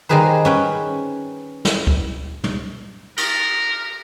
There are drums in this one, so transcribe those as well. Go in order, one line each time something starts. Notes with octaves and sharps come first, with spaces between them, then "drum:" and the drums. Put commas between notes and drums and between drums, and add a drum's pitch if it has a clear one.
D#3 G3 D#4 G#4 B4 C5
C#4 B4 G5
drum: snare
drum: kick C#2
drum: tom
A#4, drum: cymbal